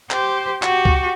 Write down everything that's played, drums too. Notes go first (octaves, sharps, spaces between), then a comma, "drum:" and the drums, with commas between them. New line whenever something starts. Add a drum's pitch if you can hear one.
G4 C5, drum: clap
F#4 G4, drum: clap
drum: kick C#2